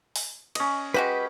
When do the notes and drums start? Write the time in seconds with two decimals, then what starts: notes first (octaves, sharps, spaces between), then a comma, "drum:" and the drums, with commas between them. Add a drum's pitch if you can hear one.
0.16 drum: open hi-hat
0.55 C#4 D#5, drum: cymbal
0.94 G#3 F#4 G4 B4